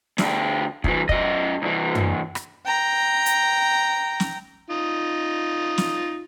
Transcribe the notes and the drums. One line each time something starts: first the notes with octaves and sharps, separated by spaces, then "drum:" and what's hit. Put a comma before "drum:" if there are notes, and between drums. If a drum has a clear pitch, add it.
D2 G4, drum: snare
C2 E3, drum: kick
F#2 D#5, drum: kick
C2 E3
drum: tom F#2
drum: rim click
G5 A#5
drum: hi-hat
drum: snare
D#4 F4
drum: snare